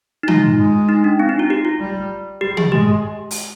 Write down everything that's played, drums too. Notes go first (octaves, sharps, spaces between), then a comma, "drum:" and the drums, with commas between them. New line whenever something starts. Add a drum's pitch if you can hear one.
D#4
G#3 F4, drum: tom
G#3
D#4
D4
C4
D#4
F4
G4
F4
G3
G3 G4
G#4, drum: tom
G#3 G4
drum: open hi-hat